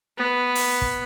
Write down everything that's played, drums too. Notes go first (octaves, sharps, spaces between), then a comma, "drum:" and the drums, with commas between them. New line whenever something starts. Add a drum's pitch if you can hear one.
B3 B4
drum: open hi-hat
drum: kick